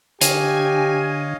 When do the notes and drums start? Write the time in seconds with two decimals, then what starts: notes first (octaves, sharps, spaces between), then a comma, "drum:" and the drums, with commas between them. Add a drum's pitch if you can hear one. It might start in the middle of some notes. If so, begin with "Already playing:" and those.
0.21 D3 G4 C#5 D#5 F5 G#5, drum: hi-hat